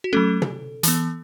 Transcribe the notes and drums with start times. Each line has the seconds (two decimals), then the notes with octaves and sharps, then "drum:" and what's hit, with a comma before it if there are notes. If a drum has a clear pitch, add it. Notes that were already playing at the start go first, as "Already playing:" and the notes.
0.04 F#4
0.13 F#3 A3 C#4 A4
0.42 drum: tom
0.83 E3 B3, drum: hi-hat